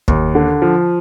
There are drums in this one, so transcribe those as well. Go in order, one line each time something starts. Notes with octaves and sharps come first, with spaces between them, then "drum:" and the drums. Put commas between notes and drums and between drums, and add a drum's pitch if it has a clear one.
D#2, drum: kick
D3
F3